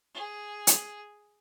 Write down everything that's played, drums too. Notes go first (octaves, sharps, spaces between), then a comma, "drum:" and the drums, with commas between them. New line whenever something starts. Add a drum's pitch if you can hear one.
G#4
drum: hi-hat